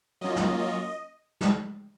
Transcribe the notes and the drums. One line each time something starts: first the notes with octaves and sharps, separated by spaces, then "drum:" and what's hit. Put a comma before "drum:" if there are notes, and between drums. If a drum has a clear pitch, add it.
F#3 A#3 C#4 F4 D#5
drum: snare
D#5
drum: snare